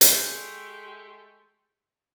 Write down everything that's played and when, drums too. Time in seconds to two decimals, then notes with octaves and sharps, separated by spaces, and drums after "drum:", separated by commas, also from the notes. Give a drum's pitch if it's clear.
0.01 G#3 A3 G4, drum: hi-hat